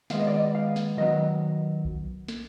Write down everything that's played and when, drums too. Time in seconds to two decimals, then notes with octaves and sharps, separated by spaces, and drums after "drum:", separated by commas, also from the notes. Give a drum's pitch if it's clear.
0.10 D#3 G#3 B3 F5, drum: snare
0.19 D#5
0.27 D5
0.36 D#5
0.55 F5
0.76 drum: snare
0.97 D#3 F#3 B3 D#5
1.85 drum: kick B1
2.28 drum: snare